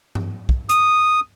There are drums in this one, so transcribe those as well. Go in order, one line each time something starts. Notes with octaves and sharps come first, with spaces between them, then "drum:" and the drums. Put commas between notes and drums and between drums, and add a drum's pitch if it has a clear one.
drum: tom G2
drum: kick
D#6, drum: hi-hat